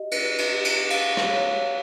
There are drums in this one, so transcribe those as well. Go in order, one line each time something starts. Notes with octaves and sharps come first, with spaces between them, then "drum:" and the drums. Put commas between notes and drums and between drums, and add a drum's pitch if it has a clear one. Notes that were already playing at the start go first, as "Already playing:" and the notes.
Already playing: G4 D#5
B4, drum: cymbal
drum: cymbal
G4
drum: cymbal
F5, drum: cymbal
drum: rim click
C#5